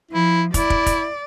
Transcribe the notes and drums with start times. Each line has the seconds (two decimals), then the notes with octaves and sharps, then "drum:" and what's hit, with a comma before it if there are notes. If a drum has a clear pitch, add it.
0.12 F3 E4
0.54 E4 D5, drum: kick, hi-hat
0.70 drum: kick
0.86 drum: kick, hi-hat